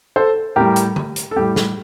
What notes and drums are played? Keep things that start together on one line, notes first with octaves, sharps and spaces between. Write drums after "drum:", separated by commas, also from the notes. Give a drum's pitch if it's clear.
A4 C5
A2 G3 G4 A#4
drum: hi-hat
drum: tom D3
drum: hi-hat
A4
A2 G3 G4
drum: snare